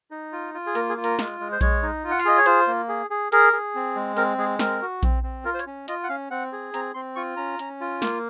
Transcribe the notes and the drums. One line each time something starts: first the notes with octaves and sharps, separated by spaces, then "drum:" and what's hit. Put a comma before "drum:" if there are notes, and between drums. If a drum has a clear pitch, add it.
D#4
F4
F4
G#4
A#3 A#4, drum: hi-hat
G#4
F4
A#4, drum: hi-hat
G#3, drum: snare
G#3
C5
G#3 C#5, drum: kick A#1, hi-hat
D#4
F4
F#5
F5, drum: hi-hat
G#4 D#5
C#5
F4 C5, drum: hi-hat
A#3
G#4
G#4
G#4 A#4, drum: hi-hat
G#4
C4
G#3
C4 A#4, drum: hi-hat
G#3 G#4
C4 A#4, drum: snare
F#4
C4, drum: kick A#1, hi-hat
C4
F4 A#4
C5
C#5, drum: hi-hat
C#4
F4 D#5, drum: hi-hat
F#5
C#4 F5
C4 F#5
G#4
C4 A#5, drum: hi-hat
C4 C6
F4 C#6
C#4 A#5
C#4, drum: hi-hat
F4
A#3, drum: snare